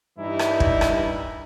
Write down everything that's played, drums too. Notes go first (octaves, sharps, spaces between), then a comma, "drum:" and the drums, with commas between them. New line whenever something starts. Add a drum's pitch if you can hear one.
G2 E3 G3 D#4 E4
drum: rim click
drum: kick
drum: rim click